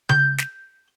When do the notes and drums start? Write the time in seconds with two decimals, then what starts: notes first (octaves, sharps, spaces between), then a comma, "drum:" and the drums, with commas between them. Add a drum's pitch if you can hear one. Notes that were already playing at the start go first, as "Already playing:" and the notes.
0.09 G6, drum: tom C#3
0.39 drum: snare